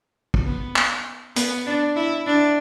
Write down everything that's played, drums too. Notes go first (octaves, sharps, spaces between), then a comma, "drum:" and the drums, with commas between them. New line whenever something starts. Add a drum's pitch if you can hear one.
drum: kick
B3
drum: clap
B3, drum: hi-hat
D4
E4
D4